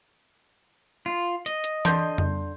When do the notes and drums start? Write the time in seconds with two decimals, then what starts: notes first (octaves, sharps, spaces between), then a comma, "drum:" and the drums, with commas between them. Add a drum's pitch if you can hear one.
1.06 F4
1.46 D#5, drum: hi-hat
1.64 drum: hi-hat
1.85 D3 C6 G6, drum: tom E3
2.18 drum: tom F2